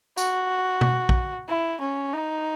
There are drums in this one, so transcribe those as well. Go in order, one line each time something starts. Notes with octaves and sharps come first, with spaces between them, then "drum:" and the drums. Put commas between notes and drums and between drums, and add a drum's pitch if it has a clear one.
F#4, drum: tambourine
drum: tom
drum: kick
E4
C#4
D#4